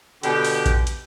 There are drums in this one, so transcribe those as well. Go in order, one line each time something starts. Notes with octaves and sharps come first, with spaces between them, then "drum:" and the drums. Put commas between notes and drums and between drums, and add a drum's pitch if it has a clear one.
B2 D3 G4, drum: hi-hat
drum: open hi-hat
drum: kick A#1, hi-hat
drum: hi-hat